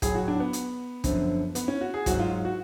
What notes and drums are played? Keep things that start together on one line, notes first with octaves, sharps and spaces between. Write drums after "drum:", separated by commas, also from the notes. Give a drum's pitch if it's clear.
A2 F#3 G#4, drum: kick, hi-hat
F#4
D4
B3
drum: hi-hat
F#2 D3 F3, drum: kick, hi-hat
B3, drum: hi-hat
C#4
F#4
G#4
G#2 F#3 F#4, drum: kick, hi-hat
F4
F#4